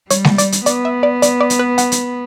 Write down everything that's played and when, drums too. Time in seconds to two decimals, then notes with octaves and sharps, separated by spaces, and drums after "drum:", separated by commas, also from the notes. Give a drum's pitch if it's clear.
0.10 G3 C#5, drum: hi-hat
0.24 drum: snare G#3
0.38 D5, drum: hi-hat
0.52 drum: hi-hat
0.66 B3 D5, drum: hi-hat
0.85 E5
1.03 D5
1.22 D5, drum: hi-hat
1.41 D5
1.50 drum: hi-hat
1.59 B4
1.78 F#5, drum: hi-hat
1.92 drum: hi-hat